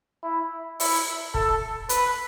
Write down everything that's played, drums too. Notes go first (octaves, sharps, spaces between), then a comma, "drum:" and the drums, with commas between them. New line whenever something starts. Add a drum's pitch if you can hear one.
E4
E4, drum: open hi-hat
A4, drum: kick
B4, drum: hi-hat